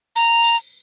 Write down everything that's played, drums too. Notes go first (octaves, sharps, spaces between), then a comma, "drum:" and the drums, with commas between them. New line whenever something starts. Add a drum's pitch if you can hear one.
A#5, drum: tambourine
drum: tambourine